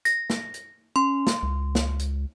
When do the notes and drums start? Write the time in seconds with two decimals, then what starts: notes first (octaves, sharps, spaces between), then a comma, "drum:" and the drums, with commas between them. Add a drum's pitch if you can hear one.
0.05 A#6, drum: hi-hat
0.30 drum: snare
0.54 drum: hi-hat
0.96 C#4 C6
1.27 drum: snare
1.43 C#2
1.75 drum: snare
1.99 drum: hi-hat